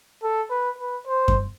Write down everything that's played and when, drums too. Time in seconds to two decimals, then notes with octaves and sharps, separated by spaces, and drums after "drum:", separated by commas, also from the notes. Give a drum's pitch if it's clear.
0.23 A4
0.51 B4
0.78 B4
1.07 C5
1.28 drum: kick F#2